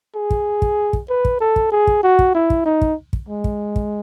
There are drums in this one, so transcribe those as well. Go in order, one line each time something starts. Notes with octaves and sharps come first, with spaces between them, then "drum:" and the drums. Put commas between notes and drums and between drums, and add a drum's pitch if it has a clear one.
G#4
drum: kick
drum: kick
drum: kick
B4
drum: kick
A4
drum: kick
G#4
drum: kick
F#4
drum: kick
E4
drum: kick
D#4
drum: kick
drum: kick
G#3
drum: kick
drum: kick